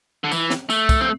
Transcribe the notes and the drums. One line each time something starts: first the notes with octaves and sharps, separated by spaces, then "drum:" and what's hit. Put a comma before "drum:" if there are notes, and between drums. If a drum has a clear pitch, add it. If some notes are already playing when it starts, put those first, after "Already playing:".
D3
E3, drum: tambourine
drum: snare
A3, drum: tambourine
drum: kick, tambourine
C4